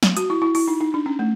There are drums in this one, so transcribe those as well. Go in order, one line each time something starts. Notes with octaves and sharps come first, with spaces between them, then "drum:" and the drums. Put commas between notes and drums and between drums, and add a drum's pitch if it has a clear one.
drum: snare
F#4, drum: hi-hat
E4
E4
E4, drum: open hi-hat
D#4
D#4
D4
C#4
A3